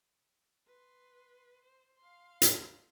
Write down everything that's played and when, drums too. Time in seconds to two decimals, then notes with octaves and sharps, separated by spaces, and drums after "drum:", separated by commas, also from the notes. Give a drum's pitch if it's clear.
0.66 B4 C6
1.64 C5
1.98 F5 C6
2.42 drum: hi-hat